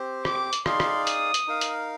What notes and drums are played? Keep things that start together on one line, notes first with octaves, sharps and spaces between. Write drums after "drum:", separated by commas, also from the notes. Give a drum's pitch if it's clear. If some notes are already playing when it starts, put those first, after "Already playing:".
Already playing: C4 G4 C5
D6, drum: rim click
drum: hi-hat
D#4 G#4 D5 F5 C6, drum: rim click
drum: rim click
D#6, drum: hi-hat
drum: hi-hat
D#4 A#4 F5
drum: hi-hat